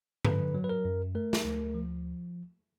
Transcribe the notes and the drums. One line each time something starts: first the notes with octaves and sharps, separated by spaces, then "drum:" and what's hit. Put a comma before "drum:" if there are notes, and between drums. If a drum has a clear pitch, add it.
D3 B4, drum: tom G2
F#3
B4
A#4
F#2
A3 A#4
drum: snare
D2
F3